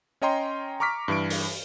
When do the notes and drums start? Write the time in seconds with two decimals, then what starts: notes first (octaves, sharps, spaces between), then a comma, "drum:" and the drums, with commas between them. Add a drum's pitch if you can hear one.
0.22 C#4 C#5 D#5 G5 A#5 C6
0.80 A#5 C#6 D6 F6 B6
1.08 G2 E3 C#6 D7
1.30 drum: open hi-hat